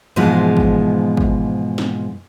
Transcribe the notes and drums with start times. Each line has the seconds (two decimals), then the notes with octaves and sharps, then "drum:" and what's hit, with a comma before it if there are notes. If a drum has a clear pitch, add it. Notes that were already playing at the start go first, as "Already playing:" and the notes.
0.16 G#2 B2 E3 F3 G#3 A#3
0.57 drum: kick
1.17 drum: kick
1.78 drum: snare